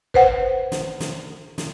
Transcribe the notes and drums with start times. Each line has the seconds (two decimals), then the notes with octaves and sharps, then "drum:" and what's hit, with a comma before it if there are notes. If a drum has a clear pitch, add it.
0.14 B4 C5 F#5, drum: kick
0.72 drum: snare
1.00 drum: snare
1.58 drum: snare